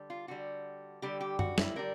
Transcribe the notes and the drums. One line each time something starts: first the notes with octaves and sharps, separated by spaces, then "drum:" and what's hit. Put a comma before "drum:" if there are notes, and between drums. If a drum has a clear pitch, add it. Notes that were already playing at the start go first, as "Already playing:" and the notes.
Already playing: D3 G3
F4
D3 G3 F#4
D3 G3 G4
G4
F#4, drum: tom F#2
E4, drum: snare
D3 G3 A#4